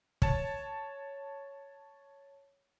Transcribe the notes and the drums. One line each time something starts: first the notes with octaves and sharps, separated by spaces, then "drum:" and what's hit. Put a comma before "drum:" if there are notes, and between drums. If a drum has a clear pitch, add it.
C#5 A5, drum: kick